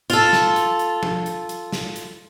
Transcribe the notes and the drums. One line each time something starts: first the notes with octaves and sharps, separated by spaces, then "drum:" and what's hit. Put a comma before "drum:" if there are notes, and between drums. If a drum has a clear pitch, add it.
F4 A4, drum: hi-hat
drum: snare
drum: hi-hat
drum: hi-hat
drum: tom F3
drum: hi-hat
drum: hi-hat
drum: snare
drum: hi-hat